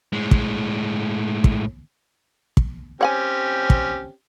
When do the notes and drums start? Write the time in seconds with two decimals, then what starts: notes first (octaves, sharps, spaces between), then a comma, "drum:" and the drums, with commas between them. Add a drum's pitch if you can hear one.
0.13 A2 G#3
0.31 drum: kick
1.44 drum: kick
2.57 drum: kick
3.01 C4 C#4 G4 C#5 F#5 G#5
3.70 drum: kick